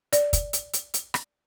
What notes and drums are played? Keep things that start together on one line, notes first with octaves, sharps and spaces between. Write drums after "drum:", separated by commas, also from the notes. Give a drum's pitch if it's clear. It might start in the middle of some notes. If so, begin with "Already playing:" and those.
D5, drum: hi-hat
drum: kick, hi-hat
drum: hi-hat
drum: hi-hat
drum: hi-hat
drum: rim click